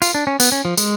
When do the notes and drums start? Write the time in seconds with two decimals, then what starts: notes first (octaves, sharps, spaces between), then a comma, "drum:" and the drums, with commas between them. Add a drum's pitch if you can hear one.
0.02 F4, drum: tambourine
0.15 D4
0.27 C#4
0.40 B3, drum: tambourine
0.52 C#4
0.65 F3
0.77 G#3, drum: tambourine